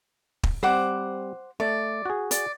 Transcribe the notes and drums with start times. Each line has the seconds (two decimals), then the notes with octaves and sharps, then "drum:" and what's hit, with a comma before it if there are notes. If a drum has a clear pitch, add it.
0.43 drum: kick
0.63 G3 C4 C5 F#5 D6
1.60 A3 D5
2.05 F#4 G#4
2.31 D5, drum: hi-hat